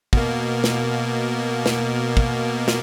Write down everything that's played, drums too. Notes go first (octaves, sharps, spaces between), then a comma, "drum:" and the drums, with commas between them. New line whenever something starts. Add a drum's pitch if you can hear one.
B2 A#3, drum: kick
drum: snare
drum: snare
drum: kick
drum: snare